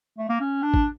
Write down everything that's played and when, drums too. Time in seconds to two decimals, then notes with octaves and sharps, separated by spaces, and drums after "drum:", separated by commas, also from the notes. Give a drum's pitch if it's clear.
0.18 A3
0.29 A#3
0.40 C#4
0.63 D4
0.74 drum: kick G#1